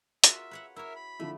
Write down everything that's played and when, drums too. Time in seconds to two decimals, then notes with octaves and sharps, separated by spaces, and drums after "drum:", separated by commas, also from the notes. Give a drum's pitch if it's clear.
0.24 F4 F#4 A#4 E5, drum: hi-hat
0.51 B4 C#5 F#5
0.76 E4 A#4 C#5 E5
0.96 B5
1.20 D3 F3 A3 E4